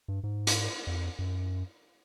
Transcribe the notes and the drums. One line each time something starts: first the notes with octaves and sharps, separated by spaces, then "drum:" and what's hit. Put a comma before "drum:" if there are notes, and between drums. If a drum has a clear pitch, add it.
G2
G#2
drum: hi-hat
F2
F#2